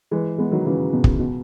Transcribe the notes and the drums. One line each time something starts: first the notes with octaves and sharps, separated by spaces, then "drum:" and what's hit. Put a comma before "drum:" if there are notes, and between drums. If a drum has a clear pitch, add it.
E3 G#3
G#3 B3
D#3 F#3
C#3 E3
B2
drum: kick
B2